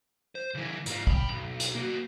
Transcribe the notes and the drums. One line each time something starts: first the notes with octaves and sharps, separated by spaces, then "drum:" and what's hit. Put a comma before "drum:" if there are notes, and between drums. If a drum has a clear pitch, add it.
C5
C#3 E3
G#2 F4, drum: hi-hat
G5 B5, drum: kick
B1 G2
drum: hi-hat
A#3 F#4